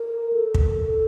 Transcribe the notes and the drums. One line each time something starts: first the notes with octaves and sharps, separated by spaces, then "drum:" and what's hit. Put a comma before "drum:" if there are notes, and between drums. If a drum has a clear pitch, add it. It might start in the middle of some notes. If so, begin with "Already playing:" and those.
Already playing: A#4
A4
drum: kick